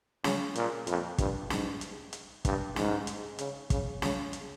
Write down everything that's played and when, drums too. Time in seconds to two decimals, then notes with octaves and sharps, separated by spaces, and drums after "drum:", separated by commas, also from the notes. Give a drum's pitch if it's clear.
0.24 C#3, drum: snare
0.55 A#2, drum: hi-hat
0.87 F2, drum: hi-hat
1.18 G2, drum: kick, hi-hat
1.50 G#2, drum: snare
1.81 drum: hi-hat
2.13 drum: hi-hat
2.45 G2, drum: kick, hi-hat
2.76 G#2, drum: snare
3.07 drum: hi-hat
3.39 C#3, drum: hi-hat
3.70 C#3, drum: kick, hi-hat
4.02 C#3, drum: snare
4.33 drum: hi-hat